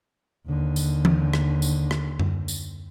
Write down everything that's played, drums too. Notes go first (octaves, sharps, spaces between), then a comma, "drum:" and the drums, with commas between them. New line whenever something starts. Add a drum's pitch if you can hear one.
D#2 D3
drum: tambourine
drum: tom E3
drum: rim click
drum: tambourine
drum: rim click
drum: tom F#2
drum: tambourine